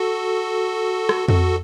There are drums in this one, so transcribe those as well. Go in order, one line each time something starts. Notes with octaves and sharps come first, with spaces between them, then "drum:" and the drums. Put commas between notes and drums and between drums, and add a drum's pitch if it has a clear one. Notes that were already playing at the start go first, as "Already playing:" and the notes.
Already playing: F#4 A4
drum: rim click
F#4 A4, drum: tom F2